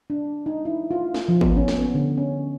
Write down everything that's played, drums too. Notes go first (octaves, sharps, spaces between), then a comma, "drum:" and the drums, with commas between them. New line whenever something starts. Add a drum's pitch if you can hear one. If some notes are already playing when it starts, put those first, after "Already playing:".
D4
D#4
E4
F4
drum: snare
F3
B3, drum: kick G#1
C#4
drum: snare
B3
D3
C#4